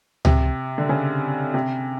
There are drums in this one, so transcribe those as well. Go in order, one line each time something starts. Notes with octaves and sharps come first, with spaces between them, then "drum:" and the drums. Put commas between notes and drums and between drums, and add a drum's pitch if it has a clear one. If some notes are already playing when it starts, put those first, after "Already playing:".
C3, drum: tom C#2
D3
C#3
C3